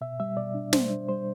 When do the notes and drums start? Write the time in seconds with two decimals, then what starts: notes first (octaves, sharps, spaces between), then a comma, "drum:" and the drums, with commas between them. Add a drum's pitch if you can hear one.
0.01 B2 E5
0.20 G3 E5
0.37 B2 D5
0.54 D4
0.73 G3 C5, drum: snare
0.90 D4
1.08 G3 C5